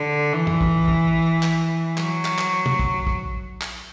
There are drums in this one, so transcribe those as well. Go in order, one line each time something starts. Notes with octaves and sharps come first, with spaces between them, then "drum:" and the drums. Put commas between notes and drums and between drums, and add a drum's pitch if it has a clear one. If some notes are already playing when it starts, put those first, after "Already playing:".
Already playing: D3
E3
drum: tom
drum: kick
drum: kick
drum: clap
F#3, drum: clap
drum: clap
drum: clap
drum: tom
drum: kick
drum: kick
drum: clap